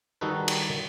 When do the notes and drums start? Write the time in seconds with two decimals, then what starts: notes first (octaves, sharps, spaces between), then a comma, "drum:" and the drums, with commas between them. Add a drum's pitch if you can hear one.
0.21 D#3 G3 D#4 F#4 A4 B4
0.48 drum: cymbal